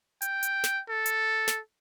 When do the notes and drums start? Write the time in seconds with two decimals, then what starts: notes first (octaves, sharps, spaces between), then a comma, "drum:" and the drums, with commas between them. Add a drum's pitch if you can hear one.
0.22 G5, drum: hi-hat
0.43 drum: hi-hat
0.64 drum: snare
0.89 A4
1.06 drum: hi-hat
1.48 drum: snare